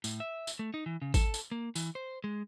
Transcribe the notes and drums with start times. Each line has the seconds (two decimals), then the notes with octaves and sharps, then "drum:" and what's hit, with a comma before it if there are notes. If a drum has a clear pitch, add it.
0.04 A2, drum: tambourine
0.20 E5
0.47 drum: tambourine
0.59 A3
0.74 D#4
0.86 E3
1.02 C#3
1.14 A4, drum: kick G#1, tambourine
1.34 drum: tambourine
1.52 A#3
1.76 E3, drum: tambourine
1.95 C5
2.24 G#3